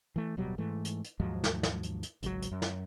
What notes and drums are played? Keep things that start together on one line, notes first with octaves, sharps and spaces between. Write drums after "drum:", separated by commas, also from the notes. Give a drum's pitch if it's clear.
E3 A3
D1 B2 F#3 G3
G#2 E3 A3
drum: hi-hat
drum: hi-hat
D#2 G#2 F3 F#3
drum: snare
drum: snare
drum: hi-hat
drum: hi-hat
G#1 C#2 B2 F#3, drum: hi-hat
drum: hi-hat
F#2
drum: snare